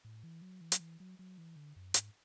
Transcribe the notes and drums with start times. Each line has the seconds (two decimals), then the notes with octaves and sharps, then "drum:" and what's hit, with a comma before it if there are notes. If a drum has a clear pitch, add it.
0.04 A2
0.24 E3
0.42 F#3
0.61 E3
0.72 F#3, drum: hi-hat
0.80 E3
1.00 F#3
1.19 F#3
1.38 E3
1.56 D3
1.76 F#2
1.94 G#2, drum: hi-hat